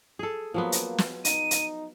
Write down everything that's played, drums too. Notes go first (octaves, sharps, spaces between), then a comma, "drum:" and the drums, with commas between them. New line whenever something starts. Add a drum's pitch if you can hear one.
G#4 A4
F3 F#3 A#3 B3
drum: hi-hat
drum: snare
D#4 D#7, drum: hi-hat
drum: hi-hat